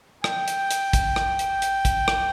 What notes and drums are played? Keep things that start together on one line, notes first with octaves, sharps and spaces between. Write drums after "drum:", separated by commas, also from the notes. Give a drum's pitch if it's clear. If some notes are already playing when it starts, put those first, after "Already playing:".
G5, drum: rim click
drum: hi-hat
drum: hi-hat
drum: kick, hi-hat
drum: rim click
drum: hi-hat
drum: hi-hat
drum: kick, hi-hat
drum: rim click